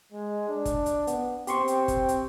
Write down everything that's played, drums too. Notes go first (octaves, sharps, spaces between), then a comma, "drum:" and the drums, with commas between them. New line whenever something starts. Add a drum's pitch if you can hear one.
G#3
D4
drum: kick, hi-hat
drum: hi-hat
B3, drum: hi-hat
C4 G4 C6 C#6, drum: hi-hat
drum: hi-hat
drum: kick, hi-hat
drum: hi-hat